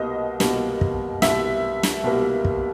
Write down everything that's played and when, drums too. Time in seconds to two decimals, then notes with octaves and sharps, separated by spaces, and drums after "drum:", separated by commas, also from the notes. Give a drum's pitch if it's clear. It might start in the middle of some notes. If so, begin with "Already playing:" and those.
Already playing: C2 B2 G3 A#3 D#5
0.40 C2 B2 G3 A#3, drum: snare
0.81 drum: kick
1.22 C2 B2 G3 A#3 E5, drum: snare
1.83 drum: snare
2.04 C2 B2 G3 A#3
2.45 drum: kick